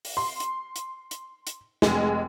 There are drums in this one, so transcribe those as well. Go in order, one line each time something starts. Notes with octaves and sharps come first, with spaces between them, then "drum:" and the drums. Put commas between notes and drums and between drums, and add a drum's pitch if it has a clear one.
drum: open hi-hat
C6
drum: hi-hat
drum: hi-hat
drum: hi-hat
drum: hi-hat
F1 G#3, drum: snare